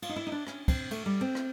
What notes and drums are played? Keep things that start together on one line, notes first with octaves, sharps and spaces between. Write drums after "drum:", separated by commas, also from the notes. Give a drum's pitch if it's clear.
F4, drum: cymbal
D#4
E4
D#4
D4
C#4, drum: rim click
C4, drum: kick, cymbal
A3, drum: cymbal
G3
C4
drum: rim click